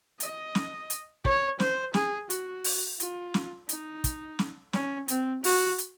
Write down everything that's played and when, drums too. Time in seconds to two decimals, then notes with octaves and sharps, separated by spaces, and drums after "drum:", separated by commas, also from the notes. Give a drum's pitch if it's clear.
0.20 D#5, drum: hi-hat
0.55 drum: snare
0.90 drum: hi-hat
1.25 C#5, drum: kick
1.60 C5, drum: snare
1.94 G#4, drum: snare
2.30 F#4, drum: hi-hat
2.64 drum: open hi-hat
3.00 F4, drum: hi-hat
3.34 drum: snare
3.69 D#4, drum: hi-hat
4.04 drum: kick, hi-hat
4.39 drum: snare
4.73 C#4, drum: snare
5.08 C4, drum: hi-hat
5.44 F#4, drum: open hi-hat
5.78 drum: hi-hat